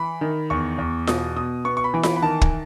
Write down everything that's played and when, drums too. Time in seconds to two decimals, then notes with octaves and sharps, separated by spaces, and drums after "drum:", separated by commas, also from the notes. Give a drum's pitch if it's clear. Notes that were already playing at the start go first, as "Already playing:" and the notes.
Already playing: E3 B5
0.21 D#3
0.50 E2 C#6
0.78 E2
1.07 B2 D#6, drum: snare F4
1.36 B2 D#6
1.65 B3 C#6
1.77 C#6
1.84 B5
1.94 E3
2.03 B5, drum: snare F4
2.16 B5
2.22 D#3 A5
2.42 drum: kick